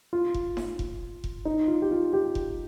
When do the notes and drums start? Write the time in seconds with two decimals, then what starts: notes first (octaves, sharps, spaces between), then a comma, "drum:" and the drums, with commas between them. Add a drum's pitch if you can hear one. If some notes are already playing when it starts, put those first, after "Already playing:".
0.13 F4
0.34 drum: kick F1
0.57 drum: snare D#4
0.79 drum: kick F1
1.24 drum: kick F1
1.45 D#4
1.68 F4
1.82 G4
1.91 F4
2.13 G4
2.35 drum: kick F1